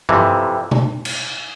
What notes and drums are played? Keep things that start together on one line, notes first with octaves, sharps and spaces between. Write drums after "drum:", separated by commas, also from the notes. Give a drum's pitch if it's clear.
F2 C3 E3, drum: tom G2
drum: tom B2
drum: cymbal